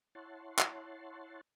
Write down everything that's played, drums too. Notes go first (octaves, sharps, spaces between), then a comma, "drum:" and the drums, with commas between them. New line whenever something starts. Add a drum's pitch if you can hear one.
E4 C#5 F#5 A5 C6
drum: clap